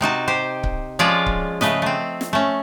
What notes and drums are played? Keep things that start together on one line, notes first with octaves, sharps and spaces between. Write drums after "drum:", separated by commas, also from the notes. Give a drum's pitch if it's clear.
C3 D#4 F#4 A5
G4 C5
drum: kick C#1
F3 G#3 C#4 F4 G#4 D5
drum: kick C#1
C#3 A3 B4 D#5, drum: snare
A3 C4
drum: snare
A3 C#4